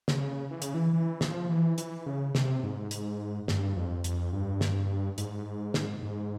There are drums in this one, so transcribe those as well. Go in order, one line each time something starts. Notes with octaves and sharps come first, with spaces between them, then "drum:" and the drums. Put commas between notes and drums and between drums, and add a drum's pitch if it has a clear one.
C#3, drum: snare
E3
C#3, drum: hi-hat
E3
E3
F3, drum: snare
E3
E3, drum: hi-hat
C#3
C3, drum: snare
G#2
drum: hi-hat
G2, drum: snare
F2
F2, drum: hi-hat
G2
drum: snare
G#2, drum: hi-hat
drum: snare
G#2